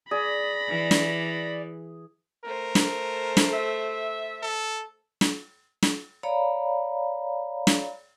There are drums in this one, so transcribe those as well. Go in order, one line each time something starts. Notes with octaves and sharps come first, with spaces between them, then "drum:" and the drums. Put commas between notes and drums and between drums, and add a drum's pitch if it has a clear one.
G#4 D5 B5 A#6
E3
drum: snare
A3 A#4 C5
drum: snare
drum: snare
E5
A4
drum: snare
drum: snare
C#5 D5 F5 A#5 B5
drum: snare